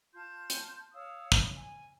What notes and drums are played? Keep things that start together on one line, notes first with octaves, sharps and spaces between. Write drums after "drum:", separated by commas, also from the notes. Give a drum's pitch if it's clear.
F4 A5 C6 G6
drum: hi-hat
C#5 F5 D#6 E6
drum: kick
G#5